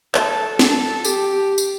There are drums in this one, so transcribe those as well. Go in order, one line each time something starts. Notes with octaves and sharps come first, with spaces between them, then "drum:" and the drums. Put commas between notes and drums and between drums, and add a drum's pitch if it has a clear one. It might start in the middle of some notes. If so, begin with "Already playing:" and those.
A4, drum: clap
A4, drum: snare
G4, drum: tambourine
drum: tambourine